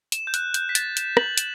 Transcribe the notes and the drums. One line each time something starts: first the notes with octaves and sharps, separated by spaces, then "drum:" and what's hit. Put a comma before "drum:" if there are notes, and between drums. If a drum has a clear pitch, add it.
E7, drum: hi-hat
G6
F#6, drum: hi-hat
G6, drum: hi-hat
B6
A6, drum: hi-hat
E7, drum: hi-hat
F#7, drum: rim click
E7, drum: hi-hat